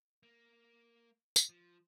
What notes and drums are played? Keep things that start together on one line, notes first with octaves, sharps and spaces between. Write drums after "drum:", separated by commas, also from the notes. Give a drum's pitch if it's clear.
A#3
drum: tambourine
F3